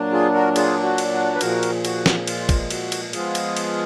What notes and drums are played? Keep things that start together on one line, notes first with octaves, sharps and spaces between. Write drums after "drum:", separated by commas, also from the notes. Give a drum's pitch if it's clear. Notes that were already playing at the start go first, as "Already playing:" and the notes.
Already playing: A#2 F#3 D4
F4 G#4
F#4 A#4
F4 G#4, drum: cymbal
F#4
drum: cymbal
F#4
B4
A#2 F3 G#3 F#4 A#4, drum: cymbal
drum: cymbal
F#4, drum: cymbal
drum: snare
F4, drum: cymbal
drum: kick, cymbal
F#4, drum: cymbal
drum: cymbal
F3 G#3 B3 F4 G#4, drum: cymbal
drum: cymbal
drum: cymbal